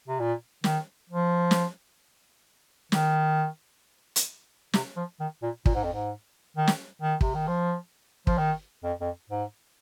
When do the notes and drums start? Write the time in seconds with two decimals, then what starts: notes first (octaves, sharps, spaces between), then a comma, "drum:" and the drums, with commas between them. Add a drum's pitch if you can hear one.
0.08 C3
0.19 A#2
0.64 D#3, drum: snare
1.10 F3
1.51 drum: snare
2.92 D#3, drum: snare
4.16 drum: hi-hat
4.73 C3, drum: snare
4.96 F3
5.20 D#3
5.42 A#2
5.66 A#2, drum: kick
5.74 G#2
5.84 F2
5.92 G#2
6.56 D#3
6.67 drum: snare
7.01 D#3
7.21 C3, drum: kick
7.35 D#3
7.47 F3
8.27 F3, drum: kick
8.38 D#3
8.83 F2
9.01 F2
9.30 G#2